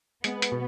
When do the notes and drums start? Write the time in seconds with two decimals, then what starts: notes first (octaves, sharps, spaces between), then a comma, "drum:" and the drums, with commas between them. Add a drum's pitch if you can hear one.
0.24 G#3 B3, drum: hi-hat
0.42 drum: hi-hat
0.52 B2